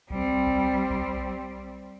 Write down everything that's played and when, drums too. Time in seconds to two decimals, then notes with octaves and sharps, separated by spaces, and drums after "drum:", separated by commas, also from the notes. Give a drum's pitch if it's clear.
0.10 G3 C4, drum: kick B1
0.47 drum: kick B1
0.90 drum: kick B1